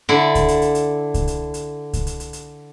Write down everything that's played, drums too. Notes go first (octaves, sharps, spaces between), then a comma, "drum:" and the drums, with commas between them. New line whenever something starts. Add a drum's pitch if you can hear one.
D3 E4 D5
drum: kick C2, hi-hat
drum: hi-hat
drum: hi-hat
drum: hi-hat
drum: kick C2, hi-hat
drum: hi-hat
drum: hi-hat
drum: kick C2, hi-hat
drum: hi-hat
drum: hi-hat
drum: hi-hat